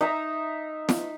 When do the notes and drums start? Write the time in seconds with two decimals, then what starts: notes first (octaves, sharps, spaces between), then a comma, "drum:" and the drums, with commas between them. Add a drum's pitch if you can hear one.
0.01 D#4 E5 A#5
0.89 drum: snare